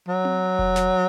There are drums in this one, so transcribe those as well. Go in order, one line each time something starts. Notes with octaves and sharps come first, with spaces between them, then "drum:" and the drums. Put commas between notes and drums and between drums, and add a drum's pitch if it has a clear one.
F#3
drum: tom C4
drum: kick F1
drum: snare